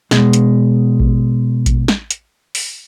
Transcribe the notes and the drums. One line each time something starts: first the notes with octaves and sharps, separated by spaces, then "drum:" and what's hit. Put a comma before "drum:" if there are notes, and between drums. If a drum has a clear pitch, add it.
B2 G#3, drum: snare
drum: hi-hat
drum: kick A1
drum: kick A1, hi-hat
drum: snare
drum: hi-hat
drum: open hi-hat